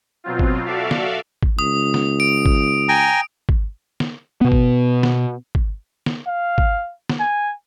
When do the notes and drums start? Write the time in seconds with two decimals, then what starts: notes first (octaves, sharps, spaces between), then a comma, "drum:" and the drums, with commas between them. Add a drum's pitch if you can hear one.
0.24 B2 F#3 C4 F4
0.39 drum: kick
0.65 F#4 A4 D5 E5 F5
0.91 drum: snare
1.43 drum: kick
1.59 C#2 D#6
1.94 drum: snare
2.20 D7
2.46 drum: kick
2.89 G5 G#5 A#5
3.49 drum: kick
4.00 drum: snare
4.41 B2 B3
4.52 drum: kick
5.03 drum: snare
5.55 drum: kick
6.06 drum: snare
6.27 F5
6.58 drum: kick
7.10 drum: snare
7.20 G#5